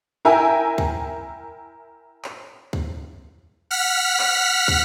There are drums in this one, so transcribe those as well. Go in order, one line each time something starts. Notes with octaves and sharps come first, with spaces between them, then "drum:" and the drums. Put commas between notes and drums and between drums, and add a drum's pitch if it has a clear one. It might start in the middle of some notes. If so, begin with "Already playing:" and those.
E4 A#4 E5 G5 G#5
drum: kick
drum: clap
drum: kick
F#5 F6 B6
drum: clap
drum: kick